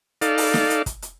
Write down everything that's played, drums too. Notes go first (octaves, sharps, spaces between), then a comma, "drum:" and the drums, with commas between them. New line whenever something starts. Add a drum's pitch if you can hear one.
D#4 A4 D5 F5, drum: hi-hat
drum: open hi-hat
drum: snare
drum: hi-hat
drum: kick, hi-hat
drum: hi-hat